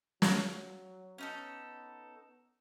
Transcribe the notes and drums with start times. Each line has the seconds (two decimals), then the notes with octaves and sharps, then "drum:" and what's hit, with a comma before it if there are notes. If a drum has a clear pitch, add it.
0.22 F#3, drum: snare
1.18 B3 C#4 D#4 A4